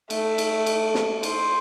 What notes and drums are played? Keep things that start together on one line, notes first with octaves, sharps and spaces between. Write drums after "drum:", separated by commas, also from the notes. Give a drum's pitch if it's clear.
A3, drum: cymbal
drum: cymbal
drum: cymbal
drum: snare
C5, drum: cymbal